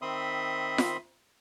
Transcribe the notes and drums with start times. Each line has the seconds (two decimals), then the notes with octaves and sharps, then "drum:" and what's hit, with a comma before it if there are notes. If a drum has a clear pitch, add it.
0.02 D#3 C4 E5 B5 C6 D#6
0.78 drum: snare F4